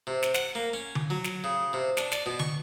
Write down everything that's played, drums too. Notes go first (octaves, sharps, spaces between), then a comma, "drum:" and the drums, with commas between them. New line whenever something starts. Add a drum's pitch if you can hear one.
C3
drum: snare
F#5, drum: snare
A#3
C#4
drum: tom D3
F#3
drum: snare
C#3
C3
D4, drum: snare
D5, drum: snare
B2
C#6, drum: tom D3